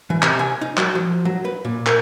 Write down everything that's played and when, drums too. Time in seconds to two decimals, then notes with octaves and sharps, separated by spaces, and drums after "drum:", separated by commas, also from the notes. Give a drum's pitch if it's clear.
0.10 E3
0.23 C3, drum: clap
0.39 G#5
0.61 D#4
0.77 F#3, drum: clap
0.95 F3
1.25 F#3
1.45 B4
1.65 A#2
1.87 A#4, drum: clap